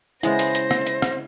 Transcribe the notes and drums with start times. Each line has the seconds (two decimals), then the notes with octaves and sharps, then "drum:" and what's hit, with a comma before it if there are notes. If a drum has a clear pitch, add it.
0.23 C#3 G#3 B3 E4 C5 A#6, drum: hi-hat
0.39 drum: open hi-hat
0.55 drum: hi-hat
0.71 drum: rim click
0.87 drum: hi-hat
1.02 drum: rim click